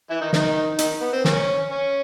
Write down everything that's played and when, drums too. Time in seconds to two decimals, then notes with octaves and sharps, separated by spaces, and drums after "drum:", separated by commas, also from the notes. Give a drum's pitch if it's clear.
0.10 E3 E4
0.21 D#3 D#4
0.33 D#3 D#4, drum: snare
0.78 D#3 D#4, drum: hi-hat
1.01 B3
1.13 C4
1.25 A#3 C#4, drum: snare
1.71 C#4